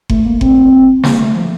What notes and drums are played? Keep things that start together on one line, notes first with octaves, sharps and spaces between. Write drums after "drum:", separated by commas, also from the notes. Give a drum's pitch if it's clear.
A3, drum: kick F#1
A#3
C4, drum: kick F#1
A#3, drum: snare
A3
F3